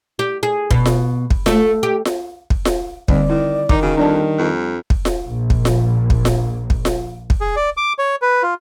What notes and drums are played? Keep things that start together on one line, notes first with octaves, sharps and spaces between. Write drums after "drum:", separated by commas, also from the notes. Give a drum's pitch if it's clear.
G4
G#4
B2, drum: kick
drum: snare F4
drum: kick
A3, drum: snare F4
G4
drum: snare F4
drum: kick
drum: snare F4
D#2 D3 G3 C4 D5, drum: kick
D#3 E4
D#3 D#4 D6, drum: kick
C#3 F#4
F2 G3 D4 D5 A5
F2
drum: kick
drum: snare F4
A#1 A#2
drum: kick
drum: snare F4
drum: kick
drum: snare F4
drum: kick
drum: snare F4
drum: kick
G#4
D5
D6
C#5
B4
F4